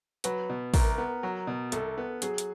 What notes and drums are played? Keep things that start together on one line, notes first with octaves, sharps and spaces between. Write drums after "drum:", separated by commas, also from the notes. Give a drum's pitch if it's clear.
F#3 B4, drum: hi-hat
B2
C2 A#4, drum: kick, open hi-hat
B3
F#3
B2
C2 A4, drum: hi-hat
B3
F#3 G#4, drum: hi-hat
drum: hi-hat